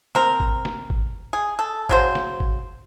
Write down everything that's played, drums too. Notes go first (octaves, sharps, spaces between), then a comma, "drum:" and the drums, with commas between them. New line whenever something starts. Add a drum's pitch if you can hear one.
C4 A#4, drum: snare
drum: kick G1
drum: snare
drum: kick G1
G#4
A4
C#3 F#3 C5, drum: kick G1
drum: snare
drum: kick G1